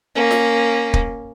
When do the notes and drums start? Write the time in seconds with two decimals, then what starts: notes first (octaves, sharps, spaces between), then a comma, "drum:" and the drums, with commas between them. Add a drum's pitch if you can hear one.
0.15 A#3 C#4
0.31 drum: snare
0.94 drum: kick